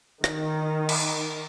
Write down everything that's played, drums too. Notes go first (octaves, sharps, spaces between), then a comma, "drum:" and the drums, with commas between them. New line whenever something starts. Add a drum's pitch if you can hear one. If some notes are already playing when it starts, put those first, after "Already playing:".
D#3, drum: rim click
drum: cymbal